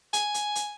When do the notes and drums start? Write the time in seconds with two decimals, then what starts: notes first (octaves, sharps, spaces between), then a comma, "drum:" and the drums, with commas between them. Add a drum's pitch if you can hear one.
0.13 G#5, drum: hi-hat
0.34 drum: hi-hat
0.55 drum: hi-hat